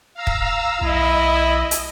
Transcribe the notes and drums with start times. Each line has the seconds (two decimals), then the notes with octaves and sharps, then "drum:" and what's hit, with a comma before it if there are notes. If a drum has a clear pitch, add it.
0.14 F5 A#5 E6
0.27 drum: kick
0.81 B1 E4 D#5
1.71 drum: hi-hat